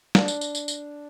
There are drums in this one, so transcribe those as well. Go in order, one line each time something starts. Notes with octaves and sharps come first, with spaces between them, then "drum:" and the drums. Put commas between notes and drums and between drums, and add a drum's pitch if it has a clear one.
D4, drum: snare
drum: tambourine
drum: tambourine
drum: tambourine
drum: tambourine